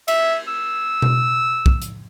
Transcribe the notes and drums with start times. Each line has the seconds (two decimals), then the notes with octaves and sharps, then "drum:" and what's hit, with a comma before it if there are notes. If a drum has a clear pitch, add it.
0.08 E5, drum: cymbal
0.47 E6
1.02 drum: tom B2
1.66 drum: kick
1.82 drum: hi-hat